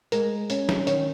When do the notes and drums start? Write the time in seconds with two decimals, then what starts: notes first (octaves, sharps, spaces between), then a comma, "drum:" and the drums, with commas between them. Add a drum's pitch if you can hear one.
0.12 G#3 A#4, drum: hi-hat
0.50 C#4, drum: hi-hat
0.69 drum: snare
0.87 D#3 C#5, drum: hi-hat